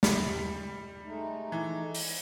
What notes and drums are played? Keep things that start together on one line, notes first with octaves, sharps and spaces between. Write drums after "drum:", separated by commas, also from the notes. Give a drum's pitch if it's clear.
G3, drum: snare
G#3 A3 D#4
E3
drum: open hi-hat